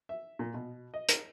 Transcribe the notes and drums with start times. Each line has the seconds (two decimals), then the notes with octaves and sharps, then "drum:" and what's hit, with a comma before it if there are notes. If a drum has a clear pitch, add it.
0.09 E5
0.39 A#2
0.54 B2
0.94 D#5
1.09 A#4, drum: hi-hat